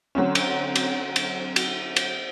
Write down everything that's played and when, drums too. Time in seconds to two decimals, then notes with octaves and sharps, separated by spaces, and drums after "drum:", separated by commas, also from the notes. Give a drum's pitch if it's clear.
0.15 D3 F#3 C4 C#4
0.35 drum: cymbal
0.75 drum: cymbal
1.16 drum: cymbal
1.56 drum: cymbal
1.96 drum: cymbal